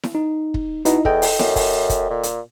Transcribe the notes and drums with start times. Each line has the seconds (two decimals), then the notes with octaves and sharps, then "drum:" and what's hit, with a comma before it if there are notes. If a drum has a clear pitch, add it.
0.03 drum: snare E4
0.15 D#4
0.54 drum: kick
0.85 B2 D#4 E4 D#5, drum: hi-hat
1.05 E2 A4 D#5 G5, drum: kick
1.22 drum: open hi-hat
1.39 F#2, drum: snare E4
1.56 drum: kick, open hi-hat
1.90 drum: kick, hi-hat
2.10 A#2
2.23 drum: hi-hat